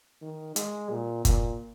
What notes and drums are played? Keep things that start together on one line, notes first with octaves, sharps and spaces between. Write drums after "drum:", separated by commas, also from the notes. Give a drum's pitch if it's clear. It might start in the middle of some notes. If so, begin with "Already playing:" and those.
D#3
G#3, drum: hi-hat
A#2
A#2, drum: kick F#1, hi-hat